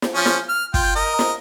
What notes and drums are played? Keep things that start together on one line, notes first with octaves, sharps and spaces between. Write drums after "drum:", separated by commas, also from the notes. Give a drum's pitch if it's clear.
drum: snare
F3 C#4
drum: snare
F6
F4 G5, drum: kick
A#4 D#5
drum: snare